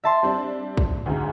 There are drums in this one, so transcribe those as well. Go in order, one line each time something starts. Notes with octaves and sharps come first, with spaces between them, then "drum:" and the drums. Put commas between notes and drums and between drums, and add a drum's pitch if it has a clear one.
E5 A5 C6
G3 C4 D4
drum: kick
D2 G#2 C#3